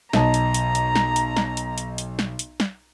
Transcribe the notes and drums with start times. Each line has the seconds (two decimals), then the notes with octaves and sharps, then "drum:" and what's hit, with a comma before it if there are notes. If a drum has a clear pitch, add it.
0.13 B1 D#5 A5 A#5, drum: snare
0.34 drum: hi-hat
0.54 drum: hi-hat
0.75 drum: hi-hat
0.95 drum: snare
1.16 drum: hi-hat
1.37 drum: snare
1.57 drum: hi-hat
1.78 drum: hi-hat
1.98 drum: hi-hat
2.19 drum: snare
2.39 drum: hi-hat
2.60 drum: snare